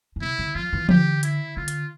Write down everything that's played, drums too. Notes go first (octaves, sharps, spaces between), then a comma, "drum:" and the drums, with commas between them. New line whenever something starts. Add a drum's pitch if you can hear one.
D3
C3 E4
D3
F3 F4
E3
D3 G4, drum: tom E3
E4, drum: hi-hat
D3 F4
drum: hi-hat